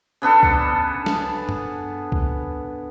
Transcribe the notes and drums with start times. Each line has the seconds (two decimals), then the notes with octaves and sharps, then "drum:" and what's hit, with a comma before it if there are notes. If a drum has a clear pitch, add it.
0.22 C#3 B3 D4 A4
0.43 drum: kick C2
1.06 drum: snare
1.49 drum: tom G2
2.12 drum: kick C2